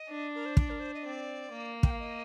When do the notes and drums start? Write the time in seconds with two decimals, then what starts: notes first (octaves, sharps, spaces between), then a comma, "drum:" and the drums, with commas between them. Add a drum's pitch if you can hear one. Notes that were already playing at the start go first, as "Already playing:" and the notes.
Already playing: D#5
0.09 D4
0.35 A#4
0.46 C5
0.57 D5, drum: kick
0.70 A#4
0.80 C5
0.94 D#5
1.04 C4 D5
1.52 A#3
1.83 G5, drum: kick
1.91 F5
1.99 D#5